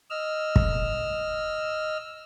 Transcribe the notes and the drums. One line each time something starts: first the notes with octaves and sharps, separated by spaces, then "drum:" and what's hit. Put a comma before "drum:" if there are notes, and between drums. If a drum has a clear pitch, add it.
D#5 E6 F6
drum: kick